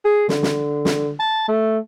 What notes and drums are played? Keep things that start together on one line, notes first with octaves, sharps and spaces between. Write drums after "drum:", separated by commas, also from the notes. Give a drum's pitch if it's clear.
G#4
D3, drum: snare
drum: snare
drum: snare
A5
A3